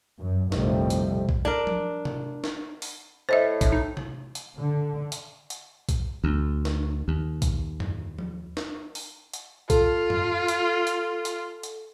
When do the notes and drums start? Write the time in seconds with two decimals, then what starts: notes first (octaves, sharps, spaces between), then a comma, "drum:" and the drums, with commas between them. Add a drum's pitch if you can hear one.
0.19 F#2
0.52 A#1 F2 A2 C3 G3, drum: snare
0.90 drum: hi-hat
1.29 drum: kick B1
1.45 D4 A#4
1.67 drum: tom F3
2.05 drum: tom C3
2.44 drum: snare
2.82 drum: open hi-hat
3.29 A2 C5 D#5 E5
3.61 A#1, drum: kick B1, hi-hat
3.72 D#4
3.97 drum: tom C3
4.35 drum: hi-hat
4.57 D3
5.12 drum: hi-hat
5.50 drum: hi-hat
5.89 drum: kick B1, hi-hat
6.24 D2
6.65 drum: snare
7.08 D#2
7.42 drum: kick B1, hi-hat
7.80 drum: tom F2
8.19 drum: tom F3
8.57 drum: snare
8.95 drum: open hi-hat
9.33 drum: hi-hat
9.70 F4 A4, drum: kick B1, hi-hat
10.10 drum: tom F2
10.48 drum: hi-hat
10.87 drum: hi-hat
11.25 drum: hi-hat
11.63 drum: hi-hat